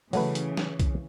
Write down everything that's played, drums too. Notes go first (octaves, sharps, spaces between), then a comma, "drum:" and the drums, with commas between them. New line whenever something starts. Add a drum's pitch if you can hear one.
C#3 E3 F#3 A3 B4, drum: open hi-hat
drum: hi-hat
drum: snare
drum: kick, hi-hat